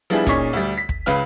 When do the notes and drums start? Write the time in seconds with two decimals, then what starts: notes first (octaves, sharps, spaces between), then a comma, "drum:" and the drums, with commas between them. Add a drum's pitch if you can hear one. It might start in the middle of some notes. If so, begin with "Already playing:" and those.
0.10 F3 G3 B3 D4 E4 G#4
0.27 A#2 C#4 D#4 G#4 C#6 B6, drum: kick, hi-hat
0.53 D2 G3
0.78 B6
0.89 drum: kick
1.06 C#2 C#3 B4 F5 F6, drum: hi-hat